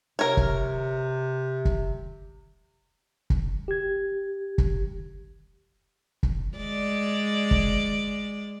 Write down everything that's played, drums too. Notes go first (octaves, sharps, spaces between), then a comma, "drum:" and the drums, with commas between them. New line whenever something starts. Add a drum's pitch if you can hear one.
C3 A#4 C#5
drum: kick
drum: kick
drum: kick
G4 G#6
drum: kick
drum: kick
G#3 D5
drum: kick